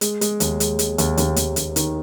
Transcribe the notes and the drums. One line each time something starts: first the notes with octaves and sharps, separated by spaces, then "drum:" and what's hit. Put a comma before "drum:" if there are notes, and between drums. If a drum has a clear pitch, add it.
G#3, drum: hi-hat
G#3, drum: hi-hat
D#2, drum: hi-hat
G#3, drum: hi-hat
G#3, drum: hi-hat
D#2, drum: hi-hat
D#2, drum: hi-hat
D#2, drum: hi-hat
D#2, drum: hi-hat
D#3, drum: hi-hat